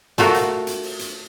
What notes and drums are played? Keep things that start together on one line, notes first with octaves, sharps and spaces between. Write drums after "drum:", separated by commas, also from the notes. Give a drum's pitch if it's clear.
A3 F4 F#4 A#4, drum: hi-hat
drum: hi-hat
drum: hi-hat
drum: open hi-hat
drum: hi-hat